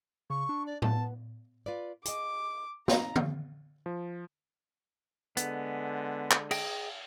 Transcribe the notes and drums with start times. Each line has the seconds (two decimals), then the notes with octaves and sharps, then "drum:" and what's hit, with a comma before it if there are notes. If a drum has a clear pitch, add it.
0.30 C#3 C#6
0.49 D4
0.66 D5
0.82 B3 A5, drum: tom A2
1.66 F4 B4 D5
2.05 G#4 D#5 D6, drum: hi-hat
2.88 D#4 A#5, drum: snare
3.16 drum: tom D3
3.86 F3
5.37 D3 G#3 B3, drum: hi-hat
6.31 drum: clap
6.51 G#4 D#5 G5, drum: cymbal